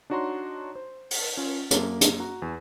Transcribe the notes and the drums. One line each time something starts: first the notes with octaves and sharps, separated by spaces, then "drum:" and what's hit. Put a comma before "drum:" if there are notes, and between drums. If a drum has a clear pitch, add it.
D4 D#4 F#4 C#5 A#5 C6
C5
drum: open hi-hat
C#4 F4
F#2 A#3, drum: hi-hat
drum: hi-hat
F#4 A#5
E2